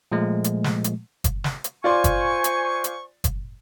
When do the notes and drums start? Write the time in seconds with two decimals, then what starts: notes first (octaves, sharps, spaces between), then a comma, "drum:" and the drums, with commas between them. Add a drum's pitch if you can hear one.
0.12 A#2 F3 G#3 A3
0.44 drum: hi-hat
0.64 drum: snare
0.84 drum: hi-hat
1.24 drum: kick F#1, hi-hat
1.44 drum: snare
1.64 drum: hi-hat
1.84 F4 C5 D5 G#5 C6 C#6
2.04 drum: kick F#1, hi-hat
2.44 drum: hi-hat
2.84 drum: hi-hat
3.24 drum: kick F#1, hi-hat